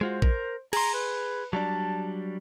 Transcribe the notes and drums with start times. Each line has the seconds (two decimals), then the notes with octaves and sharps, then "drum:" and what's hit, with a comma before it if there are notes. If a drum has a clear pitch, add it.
0.01 G#3 F4 F#4 C5
0.22 A#4, drum: kick
0.73 G#4 A#5 C6, drum: cymbal
0.94 B4
1.53 F#3 G3 D4 A5